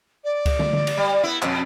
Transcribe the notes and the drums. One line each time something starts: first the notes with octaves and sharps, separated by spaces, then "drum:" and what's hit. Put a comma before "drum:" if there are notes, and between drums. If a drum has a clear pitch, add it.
D5
drum: kick C#2, cymbal
drum: tom
drum: tom D3
drum: cymbal
G3
B3 E4
F2 B2, drum: clap